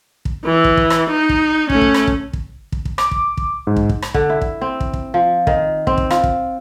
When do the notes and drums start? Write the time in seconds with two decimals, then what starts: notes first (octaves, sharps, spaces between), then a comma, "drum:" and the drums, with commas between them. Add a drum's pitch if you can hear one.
0.25 drum: kick
0.45 E3
0.64 drum: kick
0.77 drum: kick
0.90 drum: rim click
1.10 D#4
1.29 drum: kick
1.70 A3 C#4, drum: kick
1.81 drum: kick
1.94 drum: rim click
2.07 drum: kick
2.33 drum: kick
2.72 drum: kick
2.85 drum: kick
2.98 D6, drum: rim click
3.11 drum: kick
3.37 drum: kick
3.67 G#2
3.76 drum: kick
3.89 drum: kick
4.02 drum: rim click
4.14 D3, drum: kick
4.30 E4
4.41 drum: kick
4.61 C4
4.80 drum: kick
4.93 drum: kick
5.14 F3
5.47 D#3, drum: kick
5.87 C4, drum: kick
5.97 drum: kick
6.10 F4, drum: rim click
6.23 drum: kick